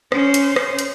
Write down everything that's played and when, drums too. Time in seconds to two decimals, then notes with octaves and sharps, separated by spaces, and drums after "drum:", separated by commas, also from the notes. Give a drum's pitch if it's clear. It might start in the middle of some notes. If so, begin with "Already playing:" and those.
0.12 C#4 C5, drum: rim click
0.34 drum: hi-hat
0.56 drum: rim click
0.79 drum: hi-hat